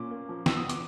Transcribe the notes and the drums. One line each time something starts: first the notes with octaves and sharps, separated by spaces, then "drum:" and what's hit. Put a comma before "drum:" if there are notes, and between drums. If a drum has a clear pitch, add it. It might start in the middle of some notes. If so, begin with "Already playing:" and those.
Already playing: A#2 C#4 D6
A#3
F3
E2 E6, drum: snare
D#6
D6, drum: hi-hat